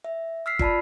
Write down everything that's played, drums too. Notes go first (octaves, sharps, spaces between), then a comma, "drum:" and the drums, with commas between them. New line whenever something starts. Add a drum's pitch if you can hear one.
E5
E6 F6 B6 C7
F4 D5 A5 B5, drum: kick